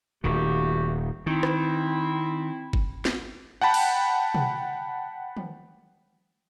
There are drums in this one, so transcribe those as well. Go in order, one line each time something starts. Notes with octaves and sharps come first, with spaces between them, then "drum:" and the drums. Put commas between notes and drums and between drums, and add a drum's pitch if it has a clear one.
D#1 D#3 A3 F#4 G4
D#3 C4 E4
drum: rim click
drum: kick G1
drum: snare
F#5 G5 A5 B5
drum: cymbal
drum: tom
drum: tom